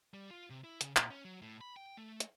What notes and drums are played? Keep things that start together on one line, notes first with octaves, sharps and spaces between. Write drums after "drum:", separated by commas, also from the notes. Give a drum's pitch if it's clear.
G3
F4
C3
E4
C#3, drum: hi-hat
A#2, drum: clap
C#4
F#3
A2
B5
G5
A3
drum: hi-hat